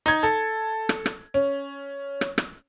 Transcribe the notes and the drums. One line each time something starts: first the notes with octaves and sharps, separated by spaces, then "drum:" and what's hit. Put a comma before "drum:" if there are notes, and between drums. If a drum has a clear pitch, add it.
D#4 G#6
A4
drum: rim click
drum: rim click
C#4
drum: rim click
drum: rim click